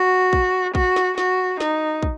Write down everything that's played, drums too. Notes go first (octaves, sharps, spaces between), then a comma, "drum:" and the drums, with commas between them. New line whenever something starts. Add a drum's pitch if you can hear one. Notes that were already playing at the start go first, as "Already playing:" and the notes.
Already playing: F#4
drum: kick
F#4, drum: kick
drum: snare
F#4, drum: snare
D#4, drum: snare
drum: kick